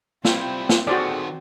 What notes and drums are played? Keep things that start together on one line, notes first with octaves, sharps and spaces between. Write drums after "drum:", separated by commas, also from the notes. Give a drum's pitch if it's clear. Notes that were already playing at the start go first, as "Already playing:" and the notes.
G3 C4 E4 F4 C5 G5, drum: snare
drum: snare
D#3 F4 F#4 G#4 A4 C5 D5